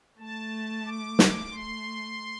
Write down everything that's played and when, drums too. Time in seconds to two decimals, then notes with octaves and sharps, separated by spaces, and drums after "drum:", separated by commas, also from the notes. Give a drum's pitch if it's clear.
0.19 A3 A5
0.86 D6
1.19 drum: snare
1.52 A3 C6